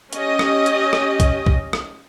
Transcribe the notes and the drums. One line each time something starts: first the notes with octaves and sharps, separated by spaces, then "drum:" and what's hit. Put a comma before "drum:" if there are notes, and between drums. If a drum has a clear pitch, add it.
C#4 G4 D#5, drum: hi-hat
drum: rim click
drum: hi-hat
drum: rim click
drum: kick B1, hi-hat
drum: kick B1
drum: rim click